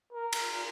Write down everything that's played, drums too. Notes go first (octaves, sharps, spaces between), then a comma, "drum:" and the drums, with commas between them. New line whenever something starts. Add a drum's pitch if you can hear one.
A#4
drum: cymbal